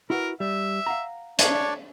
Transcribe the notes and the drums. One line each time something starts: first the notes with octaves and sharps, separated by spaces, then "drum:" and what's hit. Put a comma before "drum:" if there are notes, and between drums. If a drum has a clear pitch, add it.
E4 F#4 A#4 B4
G3 E5
F5 F#5 A#5
D4 C#5 D5, drum: hi-hat